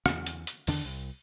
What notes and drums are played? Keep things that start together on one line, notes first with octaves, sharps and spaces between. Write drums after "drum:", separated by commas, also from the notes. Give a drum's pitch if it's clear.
E2, drum: rim click
drum: hi-hat
drum: hi-hat
E2 D3 D#3 D4, drum: open hi-hat
C2